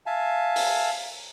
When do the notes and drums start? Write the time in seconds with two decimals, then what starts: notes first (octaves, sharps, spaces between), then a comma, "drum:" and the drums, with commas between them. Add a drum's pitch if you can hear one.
0.06 E5 F5 G#5 A5
0.56 drum: open hi-hat